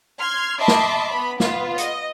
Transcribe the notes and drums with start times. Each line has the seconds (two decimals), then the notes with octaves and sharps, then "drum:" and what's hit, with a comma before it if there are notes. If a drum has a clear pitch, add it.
0.19 C6 F6 G#6
0.59 D#5 E5 A5 B5 C6 D6
0.68 drum: snare
1.08 B3 B5
1.40 B3 F4 B4, drum: snare
1.78 D#5, drum: hi-hat